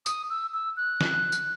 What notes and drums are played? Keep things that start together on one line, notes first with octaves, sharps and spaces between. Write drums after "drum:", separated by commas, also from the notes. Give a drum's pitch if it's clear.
D#6, drum: tambourine
E6
E6
F#6
drum: snare
drum: tambourine